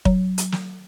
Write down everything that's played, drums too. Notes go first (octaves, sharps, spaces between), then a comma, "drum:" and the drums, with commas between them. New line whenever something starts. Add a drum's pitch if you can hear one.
F#3, drum: kick
drum: hi-hat
drum: snare